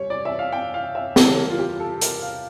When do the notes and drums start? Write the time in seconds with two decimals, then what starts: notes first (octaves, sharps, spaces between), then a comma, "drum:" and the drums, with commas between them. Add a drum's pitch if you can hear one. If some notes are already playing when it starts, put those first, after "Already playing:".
Already playing: G3 C#5
0.10 D5
0.25 E5
0.39 F5
0.53 G5
0.74 F5
0.95 E5
1.16 C#3 E3 G3 A4, drum: snare
1.38 A#4
1.50 F4
1.59 G4
1.80 A4
1.93 A4
2.01 A#4, drum: hi-hat
2.22 F5